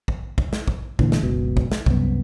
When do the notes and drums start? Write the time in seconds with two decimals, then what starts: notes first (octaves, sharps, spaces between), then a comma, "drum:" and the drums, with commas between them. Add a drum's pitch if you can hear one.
0.08 drum: kick
0.38 drum: kick
0.53 drum: snare
0.68 drum: kick
0.99 A#2 D3 E3, drum: kick
1.12 drum: snare
1.21 F#1 C#2 B2
1.57 drum: kick
1.72 drum: snare
1.86 C2 F#2 B3, drum: kick